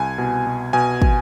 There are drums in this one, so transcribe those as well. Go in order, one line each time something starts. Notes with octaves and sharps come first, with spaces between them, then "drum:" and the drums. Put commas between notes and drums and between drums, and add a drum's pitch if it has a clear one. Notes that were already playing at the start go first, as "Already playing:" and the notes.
Already playing: C2 G#5
B2
B2
B2 G#5
drum: kick